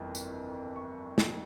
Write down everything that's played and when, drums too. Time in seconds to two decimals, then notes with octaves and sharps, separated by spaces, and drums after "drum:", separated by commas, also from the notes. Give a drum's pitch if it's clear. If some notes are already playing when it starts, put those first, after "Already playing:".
Already playing: G1 F2 E3 A#3
0.15 drum: tambourine
0.76 C#6
1.18 drum: snare